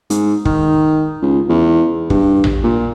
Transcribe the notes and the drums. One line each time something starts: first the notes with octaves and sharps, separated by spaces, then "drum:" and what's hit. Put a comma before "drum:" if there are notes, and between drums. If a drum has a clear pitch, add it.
G#2, drum: hi-hat
D#3, drum: kick
C#2
E2
G2, drum: kick
drum: tom A1
A#2